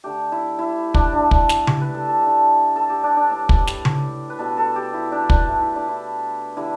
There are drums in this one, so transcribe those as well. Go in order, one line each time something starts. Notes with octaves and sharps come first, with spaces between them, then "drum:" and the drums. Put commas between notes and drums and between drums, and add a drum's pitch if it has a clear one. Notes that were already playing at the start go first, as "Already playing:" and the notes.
D3 A3 G4
E4
E4
D4, drum: kick
D3 A3 D4
A4, drum: kick
E4, drum: snare
G4, drum: tom C#3
B4
A4
A4
D3 A3
A4
G4
D4
D4
A2 A3 D4
E4, drum: kick
G4, drum: snare
drum: tom C#3
B4
B2 G3 A4
A4
G4
E4
D4
D4, drum: kick
B2 A3 E4
E4
D4
E4
D3 G3 E4